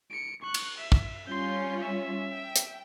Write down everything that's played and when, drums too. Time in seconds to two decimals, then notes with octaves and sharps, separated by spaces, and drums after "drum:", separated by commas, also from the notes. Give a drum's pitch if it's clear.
0.10 C#7 D7
0.42 C#6 F#6
0.54 drum: cymbal
0.78 E5
0.92 drum: kick
1.27 G3 C#4 F4 C6 G6
1.81 E5
2.31 G5
2.56 drum: hi-hat